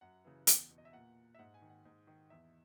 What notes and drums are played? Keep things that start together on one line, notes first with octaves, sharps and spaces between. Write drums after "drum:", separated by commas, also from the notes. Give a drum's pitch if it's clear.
F#2 F#5
C#3 E3
E2, drum: hi-hat
B2
D#5
E5
A#2 F#5
E5
G#2 F#5
G#5
D#3
F#5
G#2
D#3
E2 E5